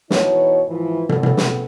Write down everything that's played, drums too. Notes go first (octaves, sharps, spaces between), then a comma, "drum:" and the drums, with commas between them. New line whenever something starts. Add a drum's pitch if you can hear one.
B2 E3 D#4 C#5, drum: snare
G#2 E3 F3
A2 C#3 B3 C4 A4, drum: tom
drum: tom
drum: snare